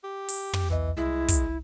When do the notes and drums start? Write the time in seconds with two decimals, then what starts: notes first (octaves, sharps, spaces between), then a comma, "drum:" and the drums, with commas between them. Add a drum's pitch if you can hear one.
0.03 G4
0.28 drum: open hi-hat
0.53 drum: tom
0.70 B1 E2 E3 D#5
0.97 C2 G#3 E4
1.28 drum: kick, hi-hat